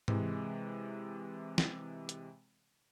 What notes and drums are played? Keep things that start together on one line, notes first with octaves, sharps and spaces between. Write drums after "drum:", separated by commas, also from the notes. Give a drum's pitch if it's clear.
C3 E3 G#3, drum: tom G#2
drum: snare
drum: hi-hat